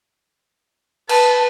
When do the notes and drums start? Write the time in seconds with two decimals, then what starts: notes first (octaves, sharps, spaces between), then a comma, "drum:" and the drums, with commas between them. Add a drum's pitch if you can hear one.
1.09 B4 A5, drum: cymbal